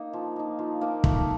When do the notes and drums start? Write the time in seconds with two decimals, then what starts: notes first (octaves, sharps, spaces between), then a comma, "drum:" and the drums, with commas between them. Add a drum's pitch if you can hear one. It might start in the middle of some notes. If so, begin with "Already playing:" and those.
Already playing: A#3 D#4
0.13 F3
0.36 A#3 D#4
0.59 F3
0.81 A#3 D#4
1.04 A3, drum: kick